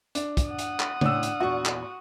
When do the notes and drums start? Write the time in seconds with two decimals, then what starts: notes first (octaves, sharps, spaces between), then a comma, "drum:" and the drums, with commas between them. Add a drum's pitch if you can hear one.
0.15 D4, drum: hi-hat
0.37 drum: kick, hi-hat
0.48 F#5 D#6
0.59 drum: hi-hat
0.80 drum: clap
1.01 A2 C#3 D4 E6, drum: tom C#3
1.23 drum: hi-hat
1.40 E2 A#2 F#4 C#6
1.66 drum: clap